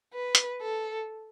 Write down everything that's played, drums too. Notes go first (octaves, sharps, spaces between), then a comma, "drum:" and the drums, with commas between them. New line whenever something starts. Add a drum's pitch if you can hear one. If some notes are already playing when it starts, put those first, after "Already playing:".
B4
drum: hi-hat
A4